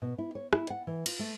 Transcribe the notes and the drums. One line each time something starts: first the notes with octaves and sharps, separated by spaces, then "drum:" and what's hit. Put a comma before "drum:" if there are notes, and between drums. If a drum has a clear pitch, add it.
B2
E4
C#5
E4, drum: rim click
F#5
E3
F4, drum: cymbal
A3